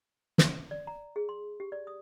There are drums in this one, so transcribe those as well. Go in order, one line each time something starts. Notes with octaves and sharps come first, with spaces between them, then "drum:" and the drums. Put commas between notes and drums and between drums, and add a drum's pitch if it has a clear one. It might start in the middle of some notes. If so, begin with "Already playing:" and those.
drum: snare
D5
A#5
G#4
C6
G4
D5
D#6